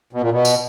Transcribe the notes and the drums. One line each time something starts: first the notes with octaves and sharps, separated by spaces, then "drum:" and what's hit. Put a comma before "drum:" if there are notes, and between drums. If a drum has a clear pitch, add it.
B2
A#2
B2
drum: tambourine